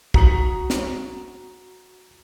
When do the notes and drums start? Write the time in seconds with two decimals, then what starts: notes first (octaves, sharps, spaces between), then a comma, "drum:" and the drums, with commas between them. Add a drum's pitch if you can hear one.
0.14 F#4 A#5 D#6 B6 C#7 F#7, drum: kick
0.70 drum: snare